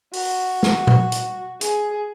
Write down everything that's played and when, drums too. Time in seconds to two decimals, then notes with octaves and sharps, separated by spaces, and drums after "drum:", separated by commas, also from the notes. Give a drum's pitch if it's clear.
0.13 F#4, drum: open hi-hat
0.63 drum: snare
0.87 drum: tom A#2
1.12 drum: hi-hat
1.61 G#4, drum: hi-hat